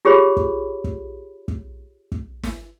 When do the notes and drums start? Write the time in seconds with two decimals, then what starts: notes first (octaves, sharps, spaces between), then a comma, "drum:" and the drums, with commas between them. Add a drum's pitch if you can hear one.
0.05 F4 G4 G#4 C#5 B5
0.37 drum: kick
0.84 drum: kick
1.48 drum: kick
2.12 drum: kick
2.43 drum: snare